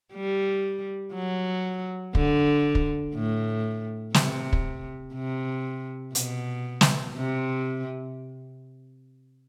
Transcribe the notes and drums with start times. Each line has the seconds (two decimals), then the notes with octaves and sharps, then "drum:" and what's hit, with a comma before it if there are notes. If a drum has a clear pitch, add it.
0.14 G3
1.14 F#3
2.15 D3, drum: kick
2.75 drum: kick
3.14 A2
4.14 C3, drum: snare
4.53 drum: kick
5.14 C3
6.15 B2, drum: hi-hat
6.81 drum: snare
7.15 C3